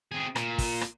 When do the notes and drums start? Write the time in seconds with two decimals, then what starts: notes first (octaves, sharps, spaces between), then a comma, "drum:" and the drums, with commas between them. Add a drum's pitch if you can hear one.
0.12 C4 G#4
0.36 A#2, drum: rim click
0.58 drum: kick, open hi-hat
0.81 drum: rim click